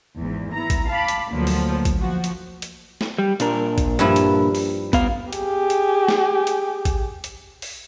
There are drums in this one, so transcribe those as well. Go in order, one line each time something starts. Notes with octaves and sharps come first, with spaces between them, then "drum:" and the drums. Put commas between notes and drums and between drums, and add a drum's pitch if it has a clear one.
G#1 E2 G#2
B3 E4 A#5
drum: kick A1, hi-hat
F5 A5 B5 D6
drum: hi-hat
D2 D3 F3 F#3 A#3 B3
drum: open hi-hat
drum: kick A1, hi-hat
F3 F#4
drum: hi-hat
drum: hi-hat
drum: snare
G3
A#2 D4 A#4, drum: hi-hat
drum: kick A1, hi-hat
G2 F3 E4
drum: hi-hat
drum: open hi-hat
B3 F5, drum: kick A1, hi-hat
G4 G#4, drum: hi-hat
drum: hi-hat
drum: snare
drum: hi-hat
drum: kick A1, hi-hat
drum: hi-hat
drum: open hi-hat